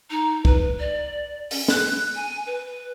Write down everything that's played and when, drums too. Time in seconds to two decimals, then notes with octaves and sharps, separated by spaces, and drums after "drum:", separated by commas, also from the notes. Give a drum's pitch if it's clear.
0.10 D#4
0.45 B4, drum: kick
0.79 D5
1.51 C#4, drum: open hi-hat
1.68 F#6, drum: snare
2.15 G#5
2.46 B4